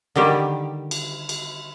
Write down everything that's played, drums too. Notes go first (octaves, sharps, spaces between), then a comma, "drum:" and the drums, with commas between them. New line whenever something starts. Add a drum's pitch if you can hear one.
D3 D#3 G3 G4
drum: cymbal
drum: cymbal